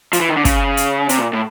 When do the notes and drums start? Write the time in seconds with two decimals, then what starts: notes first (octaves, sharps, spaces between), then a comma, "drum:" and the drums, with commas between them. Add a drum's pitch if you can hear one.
0.13 F3, drum: hi-hat
0.20 E3
0.30 D#3
0.36 D3
0.45 C#3, drum: kick, hi-hat
0.77 drum: hi-hat
1.09 C3, drum: hi-hat
1.18 A#2
1.33 A2